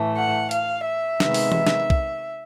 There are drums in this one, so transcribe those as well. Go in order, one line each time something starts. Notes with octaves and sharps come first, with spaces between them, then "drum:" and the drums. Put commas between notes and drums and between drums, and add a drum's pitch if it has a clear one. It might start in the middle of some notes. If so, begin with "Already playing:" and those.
Already playing: A2 E3 A3
F#5
F5, drum: hi-hat
E5
C3 D#3 G#3 B3, drum: snare
drum: open hi-hat
drum: tom E3
drum: snare
drum: kick